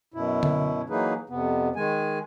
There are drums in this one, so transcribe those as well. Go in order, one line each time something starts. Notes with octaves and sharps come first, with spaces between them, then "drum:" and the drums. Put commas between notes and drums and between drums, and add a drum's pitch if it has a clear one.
F#2 B2 E4
drum: tom D3
E3 F#3 A#3 D#4 G#4 B4
F2 C3 B3
D#3 G#3 G#5